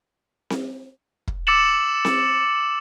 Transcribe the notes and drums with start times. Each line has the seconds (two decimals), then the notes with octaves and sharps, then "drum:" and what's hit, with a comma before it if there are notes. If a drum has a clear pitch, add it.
0.50 drum: snare C4
1.27 drum: kick
1.47 D6 E6 A6 C#7 E7 F#7
2.05 drum: snare C4